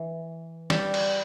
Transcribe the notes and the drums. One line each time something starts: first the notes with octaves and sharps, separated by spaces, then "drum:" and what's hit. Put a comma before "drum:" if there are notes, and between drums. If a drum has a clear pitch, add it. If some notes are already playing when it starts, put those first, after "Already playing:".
Already playing: E3
G3, drum: snare
drum: cymbal